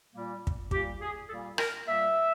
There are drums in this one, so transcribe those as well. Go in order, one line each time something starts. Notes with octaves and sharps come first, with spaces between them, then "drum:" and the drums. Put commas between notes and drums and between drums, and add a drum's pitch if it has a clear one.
A#2 G3 A#3
drum: kick
A#2 G3 A#3 G4, drum: kick
G#4
A#2 G3 A#3 A4
A#4, drum: rim click
A#2 G3 A#3 E5